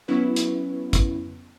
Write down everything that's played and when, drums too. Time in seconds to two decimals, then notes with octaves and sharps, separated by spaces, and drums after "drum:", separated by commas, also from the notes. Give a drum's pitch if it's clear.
0.08 F#3 B3 C#4 E4 F#4 B4
0.36 drum: hi-hat
0.93 drum: kick, hi-hat